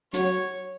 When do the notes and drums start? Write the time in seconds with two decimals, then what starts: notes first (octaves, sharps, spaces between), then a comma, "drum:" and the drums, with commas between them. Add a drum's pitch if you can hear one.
0.13 F#3 C#5, drum: hi-hat